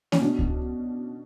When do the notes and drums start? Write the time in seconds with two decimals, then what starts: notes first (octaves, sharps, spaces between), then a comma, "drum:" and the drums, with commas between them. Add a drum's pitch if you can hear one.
0.12 C#4, drum: snare A#3
0.21 B2 D4
0.39 drum: kick C#2